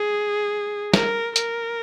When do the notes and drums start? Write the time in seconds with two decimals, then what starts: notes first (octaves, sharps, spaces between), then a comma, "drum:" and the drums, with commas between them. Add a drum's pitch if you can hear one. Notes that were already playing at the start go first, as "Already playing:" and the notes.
Already playing: G#4
0.94 A#4, drum: snare
1.36 A#4, drum: hi-hat